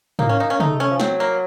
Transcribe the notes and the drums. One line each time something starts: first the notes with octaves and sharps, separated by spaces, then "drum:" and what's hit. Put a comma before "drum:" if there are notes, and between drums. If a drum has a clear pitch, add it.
A#3 D#4, drum: tom
C#4
D#4
C#4
A3 D#4, drum: tom
C#4
F3
F#3 C4, drum: snare
A#3